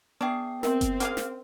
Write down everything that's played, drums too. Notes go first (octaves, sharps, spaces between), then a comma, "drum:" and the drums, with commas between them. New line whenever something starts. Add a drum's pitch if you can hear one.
B3 D4 G#4 G5
C4 A#4 E5 C6, drum: snare
drum: kick F#1, hi-hat
A#3 C#4 G#4 F5, drum: hi-hat
drum: snare